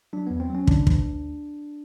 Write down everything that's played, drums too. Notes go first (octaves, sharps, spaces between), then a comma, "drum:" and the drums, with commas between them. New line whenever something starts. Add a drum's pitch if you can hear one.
F#3 D4
E2 B3
C4
F#3
C#4
D3 D4, drum: kick
D2, drum: kick
D2